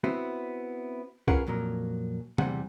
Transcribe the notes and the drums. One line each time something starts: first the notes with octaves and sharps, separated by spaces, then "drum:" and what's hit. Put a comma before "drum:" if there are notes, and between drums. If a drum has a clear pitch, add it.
B3 C4 E4 F#4
C#4 F4 G#4 A#4 B4 F#5, drum: kick C2
F2 A#2 F#3 A#4
E2 C3 G3 F#5, drum: tom